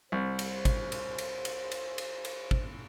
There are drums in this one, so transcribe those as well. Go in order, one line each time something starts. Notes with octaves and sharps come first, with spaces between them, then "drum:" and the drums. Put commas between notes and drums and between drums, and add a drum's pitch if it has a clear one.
C2 C5
drum: cymbal
drum: kick, cymbal
drum: cymbal
drum: cymbal
drum: cymbal
drum: cymbal
drum: cymbal
drum: cymbal
drum: kick